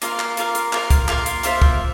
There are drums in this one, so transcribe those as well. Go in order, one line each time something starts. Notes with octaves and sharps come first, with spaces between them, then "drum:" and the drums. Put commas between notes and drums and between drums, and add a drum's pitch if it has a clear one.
A#3 F4 A#4 F5, drum: hi-hat
drum: clap
A#3 F4 A#4 F5, drum: hi-hat
drum: hi-hat
A#3 F4 A#4 F5, drum: clap
drum: kick, hi-hat
A#3 F4 A#4 F5, drum: clap
drum: hi-hat
A#3 F4 C5 E5, drum: hi-hat
drum: kick